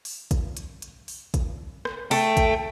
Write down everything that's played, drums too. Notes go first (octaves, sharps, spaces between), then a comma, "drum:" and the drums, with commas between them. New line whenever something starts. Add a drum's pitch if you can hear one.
drum: open hi-hat
drum: kick, hi-hat
drum: hi-hat
drum: hi-hat
drum: open hi-hat
drum: kick, hi-hat
drum: rim click
A3 G5, drum: open hi-hat
drum: kick, hi-hat